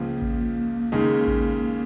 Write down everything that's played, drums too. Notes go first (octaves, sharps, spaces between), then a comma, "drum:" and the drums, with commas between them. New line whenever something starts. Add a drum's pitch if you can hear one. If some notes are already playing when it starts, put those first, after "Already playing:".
Already playing: C#2 C#3 F3 A#3
drum: kick A1
D#2 C#3 G#3 D#4
drum: kick A1